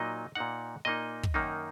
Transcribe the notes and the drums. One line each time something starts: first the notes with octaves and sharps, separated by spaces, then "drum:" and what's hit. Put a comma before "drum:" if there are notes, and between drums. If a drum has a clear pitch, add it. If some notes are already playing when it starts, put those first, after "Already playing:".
Already playing: A#2 F#3 A#3 D#4 D#5
A#2 A#3 D#4 F#5
A#2 A#3 D#4 D#5
drum: kick
F#2 D#3 A#3 D#4